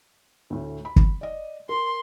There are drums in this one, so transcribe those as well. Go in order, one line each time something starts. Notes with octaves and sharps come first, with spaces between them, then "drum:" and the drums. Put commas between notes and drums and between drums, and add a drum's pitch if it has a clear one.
D2 A2
B5
drum: kick
D5 D#5
A#4 C6